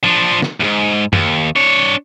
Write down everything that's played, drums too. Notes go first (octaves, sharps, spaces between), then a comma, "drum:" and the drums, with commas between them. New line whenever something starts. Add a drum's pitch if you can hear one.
F3 D4
drum: snare
D2 G#2
D#2, drum: tom F#2
D4 C#5